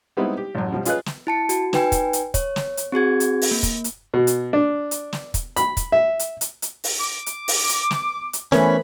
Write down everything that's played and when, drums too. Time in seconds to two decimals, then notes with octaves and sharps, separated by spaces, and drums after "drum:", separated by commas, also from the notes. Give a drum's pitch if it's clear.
0.17 G3 G#3 B3 C4 D#4 E4
0.38 G4
0.55 A1 F#2
0.72 B2 F3 G3
0.85 C#4 F4 G#4 B4 D#5 F#6, drum: hi-hat
1.06 drum: snare
1.27 E4 A5 C#7
1.49 F#4, drum: hi-hat
1.73 D#4 B4 G5 G#5, drum: snare
1.92 drum: kick, hi-hat
2.13 drum: hi-hat
2.34 C#5, drum: kick, hi-hat
2.56 drum: snare
2.77 drum: hi-hat
2.92 C4 F#4 G#4 G#6
3.20 drum: hi-hat
3.42 drum: open hi-hat
3.51 A#3
3.63 drum: kick, hi-hat
3.84 drum: hi-hat
4.14 B2
4.27 drum: hi-hat
4.53 D4
4.91 drum: hi-hat
5.13 drum: snare
5.34 drum: kick, hi-hat
5.56 B5, drum: hi-hat
5.77 drum: kick, hi-hat
5.92 E5
6.19 drum: hi-hat
6.41 drum: hi-hat
6.62 drum: hi-hat
6.84 drum: open hi-hat
7.00 D6
7.26 drum: hi-hat
7.48 drum: open hi-hat
7.69 drum: hi-hat
7.91 drum: snare
8.33 drum: hi-hat
8.52 E3 A3 B3 C#4 A#4 C5 B5, drum: snare